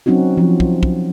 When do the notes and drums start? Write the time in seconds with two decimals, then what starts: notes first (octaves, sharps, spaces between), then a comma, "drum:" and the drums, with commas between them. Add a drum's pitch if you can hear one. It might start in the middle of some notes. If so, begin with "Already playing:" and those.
0.06 F#3 C4 C#4 D#4 F#4
0.37 F3
0.60 drum: kick
0.83 drum: kick